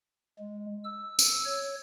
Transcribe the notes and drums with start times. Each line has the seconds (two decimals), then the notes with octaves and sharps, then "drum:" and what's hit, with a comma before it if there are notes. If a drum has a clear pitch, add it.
0.39 G#3
0.84 E6
1.19 drum: tambourine
1.45 C#5